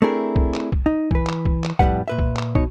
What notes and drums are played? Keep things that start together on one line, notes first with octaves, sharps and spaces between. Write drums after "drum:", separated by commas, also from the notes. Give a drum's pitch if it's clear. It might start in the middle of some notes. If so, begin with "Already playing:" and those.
A3 C4 D4 E4 G#4 A#4
drum: kick
drum: clap
drum: kick
D#4
E3 B4, drum: kick
drum: clap
drum: kick
drum: clap
F2 A2 G3 B4 F#5, drum: kick
A#2 B4 E5
drum: kick
drum: clap
B2 D#4 C#5, drum: kick